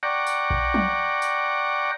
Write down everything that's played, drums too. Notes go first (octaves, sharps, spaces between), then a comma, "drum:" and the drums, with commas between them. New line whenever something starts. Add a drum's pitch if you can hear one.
D5 F#5 G5 A#5 C#6
drum: tambourine
drum: kick B1
drum: tom
drum: tambourine